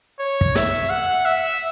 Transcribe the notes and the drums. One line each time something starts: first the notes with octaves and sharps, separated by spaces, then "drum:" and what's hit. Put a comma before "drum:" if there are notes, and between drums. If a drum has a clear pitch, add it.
C#5
drum: kick
E5, drum: snare
F#5
E5